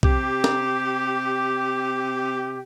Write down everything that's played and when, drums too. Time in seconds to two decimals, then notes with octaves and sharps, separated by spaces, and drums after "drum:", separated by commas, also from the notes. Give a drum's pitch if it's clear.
0.03 C3 G4, drum: kick
0.44 drum: snare